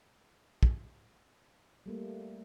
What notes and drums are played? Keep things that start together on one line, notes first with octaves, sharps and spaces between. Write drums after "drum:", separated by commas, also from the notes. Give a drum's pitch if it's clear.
drum: kick
G3 A3 A#3